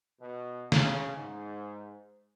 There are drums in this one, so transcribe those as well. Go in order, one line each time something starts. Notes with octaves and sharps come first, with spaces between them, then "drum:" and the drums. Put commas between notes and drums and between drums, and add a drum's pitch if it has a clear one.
B2
C#3, drum: snare
G#2